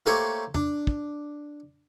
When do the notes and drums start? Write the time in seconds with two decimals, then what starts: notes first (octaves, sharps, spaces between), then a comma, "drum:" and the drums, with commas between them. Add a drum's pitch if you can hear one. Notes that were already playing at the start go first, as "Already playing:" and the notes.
0.06 A3 A#3 G4 A4 C5 C#5
0.54 D4, drum: tom E2
0.87 drum: kick